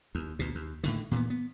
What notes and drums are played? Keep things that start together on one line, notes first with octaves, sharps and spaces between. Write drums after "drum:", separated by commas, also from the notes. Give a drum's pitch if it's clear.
D#2
D2 B2
D#2
A2 D3 D#3, drum: open hi-hat
A#2 E3 A#3 B3, drum: kick
B3